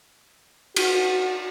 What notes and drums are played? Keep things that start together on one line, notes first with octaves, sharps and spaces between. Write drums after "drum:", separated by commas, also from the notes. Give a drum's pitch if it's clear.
F#4, drum: cymbal